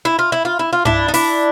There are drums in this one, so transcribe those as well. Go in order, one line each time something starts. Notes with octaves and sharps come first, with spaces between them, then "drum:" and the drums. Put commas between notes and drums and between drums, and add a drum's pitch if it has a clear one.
E4
F4
E4
F4
E4
F4
D4 E4, drum: tom G2
D#4
D4 E4, drum: open hi-hat